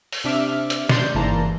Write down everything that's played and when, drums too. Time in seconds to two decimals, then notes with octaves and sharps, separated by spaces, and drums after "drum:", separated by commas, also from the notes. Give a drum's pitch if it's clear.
0.12 drum: open hi-hat
0.24 C3 D4 E5 D6 F6
0.70 drum: hi-hat
0.89 D5 C6 G6, drum: snare
1.15 G1 G#2 E3 A#3 A5 A#5